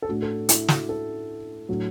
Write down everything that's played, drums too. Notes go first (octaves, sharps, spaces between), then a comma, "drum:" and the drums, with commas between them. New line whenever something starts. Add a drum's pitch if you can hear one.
A4
A2 A3 D4 F#4
A4
E4, drum: hi-hat
F#4, drum: snare
A4
A2 F#3 D4